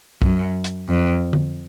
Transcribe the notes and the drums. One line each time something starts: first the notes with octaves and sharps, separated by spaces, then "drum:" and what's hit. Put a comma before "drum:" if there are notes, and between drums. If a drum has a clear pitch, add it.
F#2, drum: kick
drum: hi-hat
F2
drum: tom D3